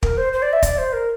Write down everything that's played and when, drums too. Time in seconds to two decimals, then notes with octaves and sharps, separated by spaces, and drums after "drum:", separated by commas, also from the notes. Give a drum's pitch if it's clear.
0.03 A#4, drum: kick
0.18 C5
0.33 C5
0.42 D5
0.53 E5
0.63 D5, drum: kick, hi-hat
0.78 C5
0.93 A#4